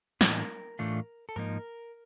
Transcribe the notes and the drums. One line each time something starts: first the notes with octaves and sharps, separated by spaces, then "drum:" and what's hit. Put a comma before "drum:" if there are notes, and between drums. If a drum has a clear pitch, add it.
A2 E3 A3 D4 F4 A#4, drum: snare
A2 E3 A3 D4 F4
A4
G#2 F3 A#3 D#4 A#4